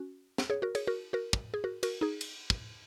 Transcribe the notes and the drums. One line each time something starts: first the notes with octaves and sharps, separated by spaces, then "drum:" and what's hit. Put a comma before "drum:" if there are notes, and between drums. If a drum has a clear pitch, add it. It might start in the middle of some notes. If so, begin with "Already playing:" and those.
Already playing: C#4 F#4
drum: snare
G#4 C#5
F#4 A#4
G#4 C#5, drum: cymbal
F#4 A#4
F#4 A#4
drum: kick
G#4
F#4 A#4
F#4 A#4, drum: cymbal
D#4 G#4
drum: cymbal
drum: kick